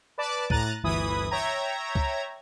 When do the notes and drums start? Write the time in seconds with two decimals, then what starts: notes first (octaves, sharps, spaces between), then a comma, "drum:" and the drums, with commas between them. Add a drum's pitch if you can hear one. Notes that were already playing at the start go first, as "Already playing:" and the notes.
0.18 B4 D5 A5 D6
0.50 A2 A#5 F#6 A6 D#7, drum: kick C#2
0.83 G1 D2 E3 B5 D#6 G#6
1.31 C#5 E5 G5 A#5 G#6
1.95 drum: kick C#2